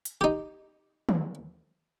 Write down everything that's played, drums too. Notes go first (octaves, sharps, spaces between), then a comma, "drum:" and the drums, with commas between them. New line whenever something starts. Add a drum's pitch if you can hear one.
drum: hi-hat
D#4 G4
drum: tom